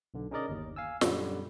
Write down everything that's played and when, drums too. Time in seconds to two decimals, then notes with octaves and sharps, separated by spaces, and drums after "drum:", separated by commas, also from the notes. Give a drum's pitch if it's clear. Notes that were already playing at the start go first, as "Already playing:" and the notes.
0.14 B1 D3
0.31 C#4 D#4 G#4 A#4 D5 D#5
0.49 G1 D#2
0.76 F5 G#5 E6
1.01 F#2 A#2 D3 G3, drum: snare